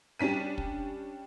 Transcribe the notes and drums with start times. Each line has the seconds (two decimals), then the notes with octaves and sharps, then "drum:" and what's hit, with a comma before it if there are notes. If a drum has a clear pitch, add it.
0.19 G3 C#4 D4 B6 D#7
0.58 drum: kick